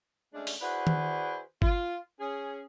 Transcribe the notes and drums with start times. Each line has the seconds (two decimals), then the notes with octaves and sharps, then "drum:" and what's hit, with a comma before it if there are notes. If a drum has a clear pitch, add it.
0.34 G#3 A3 C#4 D4
0.47 drum: open hi-hat
0.61 E4 F#4 G#4 B4 C5 D5
0.87 drum: tom D#3
1.62 F4, drum: kick G1
2.20 C#4 G#4